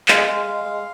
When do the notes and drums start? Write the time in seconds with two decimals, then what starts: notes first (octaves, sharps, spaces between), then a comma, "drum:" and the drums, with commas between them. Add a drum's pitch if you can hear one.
0.08 G#3 F5, drum: clap
0.27 G#3
0.46 G#3
0.65 G#3